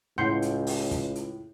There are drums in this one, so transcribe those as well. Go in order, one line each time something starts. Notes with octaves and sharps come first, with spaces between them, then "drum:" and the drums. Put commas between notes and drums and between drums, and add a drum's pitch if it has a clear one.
C#2 A2 F#5 C6 G6 C7
drum: hi-hat
drum: open hi-hat
drum: kick, hi-hat
drum: hi-hat